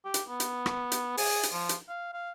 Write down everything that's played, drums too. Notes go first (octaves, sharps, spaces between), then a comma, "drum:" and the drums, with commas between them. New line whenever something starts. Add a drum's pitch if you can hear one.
G4
drum: hi-hat
B3
drum: hi-hat
drum: rim click
drum: hi-hat
G#4, drum: open hi-hat
drum: hi-hat
F3
drum: hi-hat
F5
F5